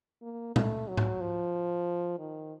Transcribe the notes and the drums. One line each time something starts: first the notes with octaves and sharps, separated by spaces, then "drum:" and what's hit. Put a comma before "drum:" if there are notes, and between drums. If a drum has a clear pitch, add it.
A#3
A3, drum: tom A#2
F#3
drum: tom G#2
F3
D#3